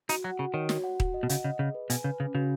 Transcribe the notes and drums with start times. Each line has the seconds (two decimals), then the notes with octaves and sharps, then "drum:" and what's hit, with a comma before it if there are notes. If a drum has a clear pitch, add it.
0.09 D#4 F#4, drum: hi-hat
0.24 F#3 F#5
0.39 C#3 F#4
0.54 D#3 C#5
0.69 F#4, drum: snare
0.84 F#5
1.00 F#4, drum: kick D#1
1.14 D#5
1.23 B2
1.29 C#3 F#5, drum: hi-hat
1.44 C#3 D#5
1.59 C#3 G#4
1.75 B4
1.90 B2 G#5, drum: hi-hat
2.04 C#3 B4
2.20 C#3 C#4
2.35 C#3 F#4